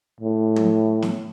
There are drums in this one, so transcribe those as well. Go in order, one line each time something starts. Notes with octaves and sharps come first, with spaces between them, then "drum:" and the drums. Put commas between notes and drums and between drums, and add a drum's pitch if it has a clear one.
A2
drum: tom
drum: snare